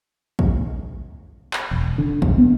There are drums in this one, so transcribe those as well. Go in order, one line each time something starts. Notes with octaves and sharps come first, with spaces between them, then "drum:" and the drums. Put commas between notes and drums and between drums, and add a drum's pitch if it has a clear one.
drum: kick
drum: clap
E1
D3
B1, drum: kick
B3